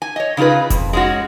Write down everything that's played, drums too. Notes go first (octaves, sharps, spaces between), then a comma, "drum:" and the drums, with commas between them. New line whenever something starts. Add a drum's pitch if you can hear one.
G#5
C#5 D#5
C#3 D#4 F4 G#4 B4
F2, drum: kick F1, hi-hat
G#3 C#4 F#4